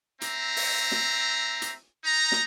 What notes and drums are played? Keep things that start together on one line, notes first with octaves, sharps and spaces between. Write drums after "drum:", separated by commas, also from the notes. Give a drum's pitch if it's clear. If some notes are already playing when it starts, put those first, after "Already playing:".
C4 E5 A#5, drum: hi-hat
drum: open hi-hat
drum: snare
drum: hi-hat
D#4 A#5
drum: snare